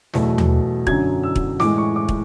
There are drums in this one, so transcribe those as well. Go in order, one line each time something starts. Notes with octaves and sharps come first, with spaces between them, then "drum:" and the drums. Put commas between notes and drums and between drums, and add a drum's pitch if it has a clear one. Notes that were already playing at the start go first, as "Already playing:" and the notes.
E2 B2 F#3 A3, drum: snare
drum: tom D#2
F#2 D3 F#3 G#6, drum: kick
E6
drum: kick
A2 E3 G#3 D6, drum: snare
C#6
D6
drum: kick